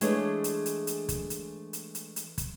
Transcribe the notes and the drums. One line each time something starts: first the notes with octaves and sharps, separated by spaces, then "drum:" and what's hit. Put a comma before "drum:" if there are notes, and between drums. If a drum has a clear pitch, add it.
E3 G#3 A3 D4 G#4 C#5, drum: hi-hat
drum: hi-hat
drum: hi-hat
drum: hi-hat
drum: kick, hi-hat
drum: hi-hat
drum: hi-hat
drum: hi-hat
drum: hi-hat
drum: kick, hi-hat